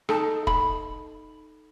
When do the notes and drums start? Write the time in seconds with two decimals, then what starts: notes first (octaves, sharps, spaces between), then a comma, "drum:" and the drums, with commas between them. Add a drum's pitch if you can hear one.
0.09 D#4 A4 A5, drum: rim click
0.47 B5, drum: kick